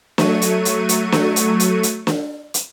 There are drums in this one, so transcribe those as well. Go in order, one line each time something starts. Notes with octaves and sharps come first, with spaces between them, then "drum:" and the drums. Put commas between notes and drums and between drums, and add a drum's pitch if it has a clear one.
F#3 A3 C#6 D#7, drum: snare
drum: hi-hat
drum: hi-hat
drum: hi-hat
drum: snare
drum: hi-hat
drum: hi-hat
drum: hi-hat
drum: snare
drum: hi-hat